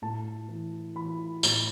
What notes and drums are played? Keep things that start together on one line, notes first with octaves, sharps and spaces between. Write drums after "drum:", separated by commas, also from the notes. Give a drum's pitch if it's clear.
A2 A5
E3
E3 B5
A2, drum: tambourine